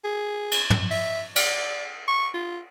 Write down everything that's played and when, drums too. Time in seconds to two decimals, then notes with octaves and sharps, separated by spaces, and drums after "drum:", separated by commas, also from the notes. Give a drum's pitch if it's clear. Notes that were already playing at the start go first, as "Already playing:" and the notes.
0.04 G#4
0.51 drum: cymbal
0.70 drum: tom
0.91 E5, drum: open hi-hat
1.36 D5, drum: cymbal
2.08 C#6
2.34 F4